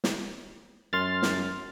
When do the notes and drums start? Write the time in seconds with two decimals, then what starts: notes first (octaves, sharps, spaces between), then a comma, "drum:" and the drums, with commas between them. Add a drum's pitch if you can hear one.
0.04 drum: snare
0.93 F#2 C6 F6 A6
1.23 drum: snare